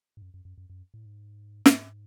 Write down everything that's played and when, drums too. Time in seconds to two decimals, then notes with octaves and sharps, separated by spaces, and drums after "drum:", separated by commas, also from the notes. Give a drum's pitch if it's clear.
0.17 G#2
0.22 F#2
0.34 F#2
0.45 F#2
0.58 F#2
0.70 F#2
0.94 A2
1.06 G#2
1.66 G#2, drum: snare